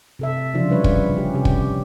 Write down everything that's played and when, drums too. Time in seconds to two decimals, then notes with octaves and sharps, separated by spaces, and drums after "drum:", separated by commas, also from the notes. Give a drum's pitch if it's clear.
0.19 C3 A4 E5
0.54 C#3 F3 D4 F4
0.68 E3 G3 B4 C#5
0.84 drum: kick
1.17 C#4 G4
1.35 C3 G4
1.45 drum: kick